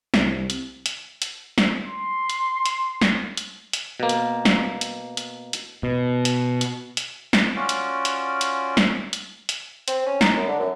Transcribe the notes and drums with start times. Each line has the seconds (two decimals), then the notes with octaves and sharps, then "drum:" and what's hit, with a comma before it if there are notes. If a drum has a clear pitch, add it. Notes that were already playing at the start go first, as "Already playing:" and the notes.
0.14 C2, drum: snare
0.50 drum: hi-hat
0.86 drum: hi-hat
1.22 drum: hi-hat
1.58 drum: snare
1.85 C6
2.30 drum: hi-hat
2.66 drum: hi-hat
3.01 drum: snare
3.37 drum: hi-hat
3.73 drum: hi-hat
4.00 B2 A#3
4.09 drum: hi-hat
4.45 drum: snare
4.81 drum: hi-hat
5.17 drum: hi-hat
5.53 drum: hi-hat
5.83 B2
6.25 drum: hi-hat
6.61 drum: hi-hat
6.97 drum: hi-hat
7.33 drum: snare
7.56 C#4 F4 F#4 D5
7.69 drum: hi-hat
8.05 drum: hi-hat
8.41 drum: hi-hat
8.77 drum: snare
9.13 drum: hi-hat
9.49 drum: hi-hat
9.88 C4, drum: hi-hat
10.06 C#4
10.21 D#4, drum: snare
10.36 F#2
10.48 D3
10.60 F#2